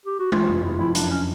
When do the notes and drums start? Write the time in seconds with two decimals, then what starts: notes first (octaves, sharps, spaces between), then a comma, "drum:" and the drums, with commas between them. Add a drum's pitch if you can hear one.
0.06 G4
0.19 F#4
0.32 E3 F4, drum: tom
0.48 F1
0.63 F1 E4
0.79 F2 E4
0.95 F#2 D4, drum: hi-hat
1.11 C#4